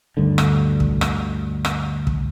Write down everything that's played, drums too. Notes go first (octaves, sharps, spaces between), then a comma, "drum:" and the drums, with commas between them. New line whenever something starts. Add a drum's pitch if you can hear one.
D2 G2 D3
drum: rim click
drum: kick
drum: rim click
drum: rim click
drum: kick